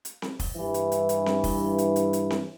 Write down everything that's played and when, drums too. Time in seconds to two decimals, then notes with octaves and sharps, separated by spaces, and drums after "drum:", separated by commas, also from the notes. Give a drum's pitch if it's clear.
0.05 drum: hi-hat
0.22 drum: snare C4
0.39 drum: kick, open hi-hat
0.57 G2 E3
0.74 drum: hi-hat
0.92 drum: hi-hat
1.09 drum: hi-hat
1.26 drum: snare C4
1.44 drum: kick, open hi-hat
1.78 drum: hi-hat
1.96 drum: hi-hat
2.13 drum: hi-hat
2.30 drum: snare C4